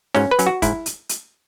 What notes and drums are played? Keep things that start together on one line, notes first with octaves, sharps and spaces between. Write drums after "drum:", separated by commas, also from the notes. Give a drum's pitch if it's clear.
G#2 C#4, drum: snare
B4
F#3 C#4, drum: hi-hat
F#4
G#2 E4, drum: kick, hi-hat
drum: hi-hat
drum: hi-hat